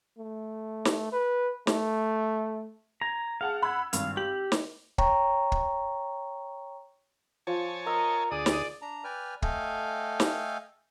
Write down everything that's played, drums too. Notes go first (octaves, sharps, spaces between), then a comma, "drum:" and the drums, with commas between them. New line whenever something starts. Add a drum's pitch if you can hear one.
A3
drum: snare
B4
A3, drum: snare
A#5 G#6
G#4 F5 F#5 A5
F#5 B5 E6 G#6
G#1 G2 F5, drum: hi-hat
G4 F#7
drum: snare
C#5 G5 A#5 C#6, drum: kick
drum: kick
F3 C#5 G#5 A5
A#4 D#5 E6
D2 G#4 D5 D#6
drum: snare
D4 A#5
B4 D5 G5 G#5 F6
A3 A4 D#5 F5 G5 G#5, drum: kick
drum: snare